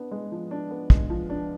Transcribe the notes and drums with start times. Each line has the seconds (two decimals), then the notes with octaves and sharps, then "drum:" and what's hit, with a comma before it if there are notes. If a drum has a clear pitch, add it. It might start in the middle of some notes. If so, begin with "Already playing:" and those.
Already playing: B3 D4
0.12 G#3
0.32 F3
0.51 D4
0.71 B3
0.90 G#3, drum: kick
1.10 F3
1.30 D4